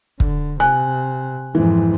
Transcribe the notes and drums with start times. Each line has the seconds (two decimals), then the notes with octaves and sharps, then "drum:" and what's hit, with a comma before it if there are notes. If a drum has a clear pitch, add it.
0.20 D3, drum: kick
0.60 C3 G#5 F#6
1.55 F2 G#2 E3